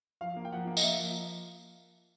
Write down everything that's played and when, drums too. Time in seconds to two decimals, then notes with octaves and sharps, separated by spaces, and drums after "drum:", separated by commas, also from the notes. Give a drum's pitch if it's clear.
0.21 F3 F5
0.37 A#3
0.45 G5
0.52 F3 F#5
0.67 A#3
0.77 D#5, drum: tambourine
0.83 A#3 E5
0.99 F3